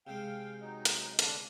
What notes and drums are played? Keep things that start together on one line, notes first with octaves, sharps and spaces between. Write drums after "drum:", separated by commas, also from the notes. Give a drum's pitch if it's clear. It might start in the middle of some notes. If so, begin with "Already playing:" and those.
C3 G#3 F5 G5
F#3 D#4
drum: hi-hat
D3 D4, drum: hi-hat